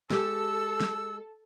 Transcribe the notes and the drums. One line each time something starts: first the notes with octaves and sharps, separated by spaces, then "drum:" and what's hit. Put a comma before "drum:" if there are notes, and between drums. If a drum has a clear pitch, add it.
G#3 G4 A4 E6, drum: snare
drum: snare